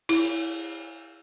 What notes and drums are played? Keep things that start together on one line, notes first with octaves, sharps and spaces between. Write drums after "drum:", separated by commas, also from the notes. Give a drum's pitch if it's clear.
E4, drum: cymbal